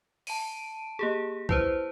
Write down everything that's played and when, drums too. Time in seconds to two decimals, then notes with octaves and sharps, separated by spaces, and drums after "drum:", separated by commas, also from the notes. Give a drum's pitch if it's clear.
0.27 A5 D7 D#7, drum: open hi-hat
0.99 A#3 G4 G#4
1.49 E4 B4 C5, drum: kick B1